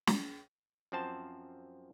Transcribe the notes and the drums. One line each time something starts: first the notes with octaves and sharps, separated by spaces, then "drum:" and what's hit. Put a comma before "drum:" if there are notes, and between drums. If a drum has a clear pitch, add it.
drum: snare
F#2 F3 C4 C5 A5